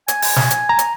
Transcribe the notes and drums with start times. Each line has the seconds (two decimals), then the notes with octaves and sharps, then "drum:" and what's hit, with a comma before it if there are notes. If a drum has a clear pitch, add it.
0.08 G#5, drum: hi-hat
0.22 drum: open hi-hat
0.36 drum: snare
0.50 drum: hi-hat
0.69 A#5
0.79 drum: hi-hat